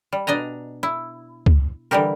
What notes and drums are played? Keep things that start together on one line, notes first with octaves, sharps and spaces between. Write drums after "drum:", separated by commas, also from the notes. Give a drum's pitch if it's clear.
G3
B2 D4 D#5 G#5 A#5
E4
drum: kick C#2
D3 E3 G3 G4 A#4